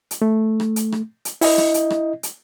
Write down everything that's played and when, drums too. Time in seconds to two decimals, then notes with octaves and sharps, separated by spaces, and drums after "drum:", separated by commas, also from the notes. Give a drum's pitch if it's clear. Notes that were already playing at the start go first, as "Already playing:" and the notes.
0.11 drum: hi-hat
0.22 A3
0.60 drum: rim click
0.76 drum: hi-hat
0.92 drum: rim click
1.25 drum: hi-hat
1.41 E4 D#5, drum: open hi-hat
1.58 drum: rim click
1.74 drum: hi-hat
1.90 drum: rim click
2.23 drum: hi-hat